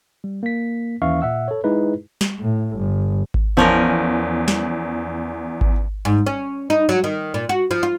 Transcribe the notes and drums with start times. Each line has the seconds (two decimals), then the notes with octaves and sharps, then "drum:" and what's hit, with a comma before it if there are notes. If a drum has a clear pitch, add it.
0.24 G3
0.43 A#3 B6
1.02 D#2 E3 C#4 E5 F5 C#6
1.22 A#2 E5 F#5 E6
1.48 A4 C#5
1.64 G#3 D#4 E4 G#4 B4
2.21 drum: snare
2.40 A2
2.76 G1
3.34 drum: kick G#1
3.57 E2 F3 C#4 A#4
4.48 drum: snare
5.61 drum: kick G#1
6.05 G#2
6.26 C#4
6.70 D#4
6.89 F#3
7.04 D#3
7.34 A#2
7.49 F#4
7.71 F3
7.83 F4